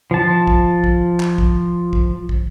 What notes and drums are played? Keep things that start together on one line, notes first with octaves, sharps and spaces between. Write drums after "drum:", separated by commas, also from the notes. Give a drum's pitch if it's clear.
F3 A5
drum: kick
drum: kick
drum: clap
drum: kick
drum: kick
drum: kick